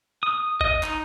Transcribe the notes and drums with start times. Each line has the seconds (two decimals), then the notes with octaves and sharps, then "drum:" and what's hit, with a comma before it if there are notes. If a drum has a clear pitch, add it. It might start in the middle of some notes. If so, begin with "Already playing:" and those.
0.23 D#6
0.61 D#5, drum: kick G#1
0.83 D#4, drum: clap